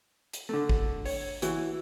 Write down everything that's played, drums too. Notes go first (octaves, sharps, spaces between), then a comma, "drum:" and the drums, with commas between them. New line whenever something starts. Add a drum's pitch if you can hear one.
drum: hi-hat
D3 A3
drum: kick A1
C#5, drum: open hi-hat
E3 E4 F#4, drum: hi-hat